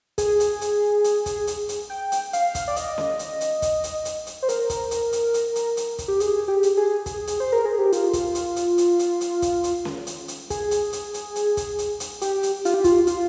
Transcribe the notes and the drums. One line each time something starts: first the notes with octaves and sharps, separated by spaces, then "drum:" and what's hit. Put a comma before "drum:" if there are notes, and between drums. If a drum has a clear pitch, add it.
G#4, drum: kick, hi-hat
drum: hi-hat
drum: hi-hat
drum: hi-hat
drum: kick, hi-hat
drum: hi-hat
drum: hi-hat
G5
drum: hi-hat
F5, drum: hi-hat
drum: kick, hi-hat
D5
D#5, drum: hi-hat
drum: snare C#4
drum: hi-hat
drum: hi-hat
drum: kick, hi-hat
drum: hi-hat
drum: hi-hat
drum: hi-hat
C5
A#4, drum: hi-hat
drum: kick, hi-hat
drum: hi-hat
drum: hi-hat
drum: hi-hat
drum: hi-hat
drum: hi-hat
drum: kick, hi-hat
G4
G#4, drum: hi-hat
G4
drum: hi-hat
G#4
G#4, drum: kick, hi-hat
drum: hi-hat
C5
A#4
G#4
G4
F4, drum: hi-hat
drum: kick, hi-hat
drum: hi-hat
drum: hi-hat
drum: hi-hat
drum: hi-hat
drum: hi-hat
drum: kick, hi-hat
drum: hi-hat
drum: snare C#4
drum: hi-hat
drum: hi-hat
G#4, drum: kick, hi-hat
drum: hi-hat
drum: hi-hat
drum: hi-hat
drum: hi-hat
drum: kick, hi-hat
drum: hi-hat
drum: hi-hat
G4, drum: hi-hat
drum: hi-hat
F4, drum: hi-hat
G4
F4, drum: kick, hi-hat
F4, drum: hi-hat